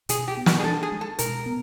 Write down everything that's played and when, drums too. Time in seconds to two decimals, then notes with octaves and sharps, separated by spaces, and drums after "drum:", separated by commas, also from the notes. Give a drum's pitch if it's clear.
0.09 B2 G#4, drum: hi-hat
0.28 G4
0.37 B3
0.46 F#4, drum: snare
0.60 G#4
0.64 D4 A4
0.83 G#4
0.92 G#3
1.01 A4
1.19 B2 A#4, drum: hi-hat
1.46 B3